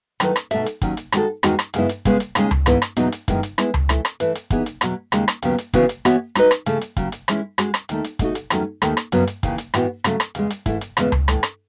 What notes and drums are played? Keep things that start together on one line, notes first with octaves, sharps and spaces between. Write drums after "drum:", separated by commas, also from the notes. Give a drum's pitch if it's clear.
D#3 F#3 A3 E4 B4, drum: rim click
drum: rim click
B2 A3 D#4 A4 E5, drum: hi-hat
drum: hi-hat
D#2 D#3 F#3 C#4, drum: kick, hi-hat
drum: hi-hat
D#3 G#3 D#4 F#4 A4, drum: rim click
E2 D#3 G#3 D#4 F#4, drum: rim click
drum: rim click
F#2 C#3 G#3 B3 E4, drum: hi-hat
drum: hi-hat
C#3 G#3 B3, drum: kick, hi-hat
drum: hi-hat
D#2 C#3 G#3 C#4, drum: rim click
drum: tom C#2
G#2 E3 B3 E4 B4, drum: rim click
drum: rim click
E2 B2 F#3 B3 D#4, drum: hi-hat
drum: hi-hat
F#2 D#3 G#3 B3 E4, drum: kick, hi-hat
drum: hi-hat
G#3 B3 E4 G#4, drum: rim click
drum: tom C#2
E3 A3 E4, drum: rim click
drum: rim click
E3 A3 E4 B4 E5, drum: hi-hat
drum: hi-hat
E3 B3 D#4 G#4, drum: kick, hi-hat
drum: hi-hat
E2 B2 F#3, drum: rim click
D#2 C#3 G#3, drum: rim click
drum: rim click
D#2 C#3 F#3 B3, drum: hi-hat
drum: hi-hat
C#3 E3 B3 F#4, drum: kick, hi-hat
drum: hi-hat
E3 B3 F#4 C#5 E5, drum: rim click
G#3 D#4 F#4 B4 D#5, drum: rim click
drum: rim click
C#3 E3 A3, drum: hi-hat
drum: hi-hat
D#2 C#3 F#3, drum: kick, hi-hat
drum: hi-hat
E3 G#3 C#4 E4, drum: rim click
G#3 C#4 F#4, drum: rim click
drum: rim click
D#2 D#3 A3, drum: hi-hat
drum: hi-hat
B2 A3 D#4 F#4, drum: kick, hi-hat
drum: hi-hat
E2 D#3 F#3 A3 C#4, drum: rim click
D#2 D#3 A3, drum: rim click
drum: rim click
F#2 C#3 F#3 B3, drum: hi-hat
drum: hi-hat
D#2 C#3 E3, drum: kick, hi-hat
drum: hi-hat
A2 E3 B3 F#4, drum: rim click
C#3 F#3 A3, drum: rim click
drum: rim click
E2 C#3 G#3, drum: hi-hat
drum: hi-hat
G#2 E3 A3 E4, drum: kick, hi-hat
drum: hi-hat
E2 C#3 E3 G#3 B3, drum: rim click
drum: tom C#2
A2 E3 A3, drum: rim click
drum: rim click